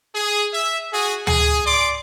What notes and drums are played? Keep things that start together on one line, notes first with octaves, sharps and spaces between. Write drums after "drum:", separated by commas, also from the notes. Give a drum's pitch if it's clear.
G#4
E5
F#4 G#4
G#4, drum: tom D2
D5 C6 D6